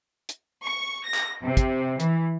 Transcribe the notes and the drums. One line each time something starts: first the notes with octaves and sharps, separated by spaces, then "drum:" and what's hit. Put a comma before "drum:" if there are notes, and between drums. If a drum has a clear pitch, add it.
drum: hi-hat
C#6
A#6
drum: clap
C3
drum: kick, hi-hat
E3, drum: hi-hat